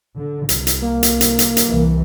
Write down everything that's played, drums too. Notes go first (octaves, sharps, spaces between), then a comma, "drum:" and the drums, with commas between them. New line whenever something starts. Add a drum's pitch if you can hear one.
D3
C2, drum: hi-hat
drum: hi-hat
A#3
drum: hi-hat
drum: hi-hat
drum: hi-hat
drum: hi-hat
C2 E3